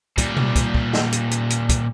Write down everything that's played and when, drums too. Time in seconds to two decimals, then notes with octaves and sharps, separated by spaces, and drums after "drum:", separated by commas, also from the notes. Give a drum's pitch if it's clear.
0.18 A#2 G3, drum: kick, hi-hat
0.37 drum: tom B2
0.55 drum: kick, hi-hat
0.74 drum: kick
0.93 drum: snare
1.12 drum: hi-hat
1.31 drum: hi-hat
1.50 drum: hi-hat
1.69 drum: kick, hi-hat